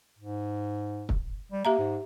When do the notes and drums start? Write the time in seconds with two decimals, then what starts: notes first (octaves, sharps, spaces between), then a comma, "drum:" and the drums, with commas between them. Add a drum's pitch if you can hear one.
0.18 G#2
1.09 drum: kick
1.52 G3
1.65 A#3 G4 E5 A#5
1.78 G#2